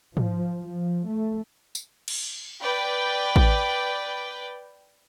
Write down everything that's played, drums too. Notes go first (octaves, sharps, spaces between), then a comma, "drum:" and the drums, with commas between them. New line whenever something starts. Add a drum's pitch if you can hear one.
F3, drum: tom G#2
F3
A3
drum: tambourine
drum: cymbal
B4 D5 G5
drum: kick A1